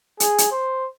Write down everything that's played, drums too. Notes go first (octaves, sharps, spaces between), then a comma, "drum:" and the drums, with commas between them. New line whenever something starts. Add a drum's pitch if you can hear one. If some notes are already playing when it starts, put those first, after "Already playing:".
G#4, drum: hi-hat
drum: hi-hat
C5